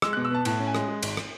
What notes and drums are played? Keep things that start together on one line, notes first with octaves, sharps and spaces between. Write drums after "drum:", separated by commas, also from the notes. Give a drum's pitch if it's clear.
G#3 E6, drum: rim click
B2 F#6
E6
B3 A5
A2 A5, drum: cymbal
C#4
G#5
G#3, drum: rim click
G#3
G#1, drum: cymbal
drum: rim click